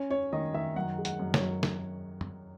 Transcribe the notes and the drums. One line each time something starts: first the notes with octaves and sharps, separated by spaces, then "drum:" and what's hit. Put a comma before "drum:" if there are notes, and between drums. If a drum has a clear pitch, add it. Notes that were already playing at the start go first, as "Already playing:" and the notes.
Already playing: C#4
C#4 C#5
D#3 D#5
D#3 E5
F#2 F#5
G#3
F#5, drum: hi-hat
F#2
C#5, drum: snare
F#2
drum: snare
drum: tom F#2